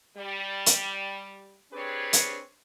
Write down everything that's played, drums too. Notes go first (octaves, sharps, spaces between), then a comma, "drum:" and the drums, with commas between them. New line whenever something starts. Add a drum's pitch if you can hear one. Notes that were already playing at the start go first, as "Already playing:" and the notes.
G3
drum: hi-hat
C4 D4 G4 G#4 B4 C#5
drum: hi-hat